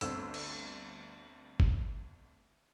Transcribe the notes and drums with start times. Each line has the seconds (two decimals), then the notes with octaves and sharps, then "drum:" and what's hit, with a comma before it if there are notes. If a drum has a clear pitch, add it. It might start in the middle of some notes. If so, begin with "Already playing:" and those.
0.01 G1 D2 C4 E6 E7, drum: hi-hat
0.34 drum: cymbal
1.60 drum: kick G1